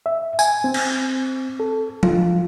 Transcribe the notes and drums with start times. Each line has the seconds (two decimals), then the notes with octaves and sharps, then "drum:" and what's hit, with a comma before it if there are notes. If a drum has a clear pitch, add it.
0.06 E5
0.39 G#5, drum: tambourine
0.64 C4
0.74 drum: cymbal
1.60 A4
2.03 F4, drum: tom F3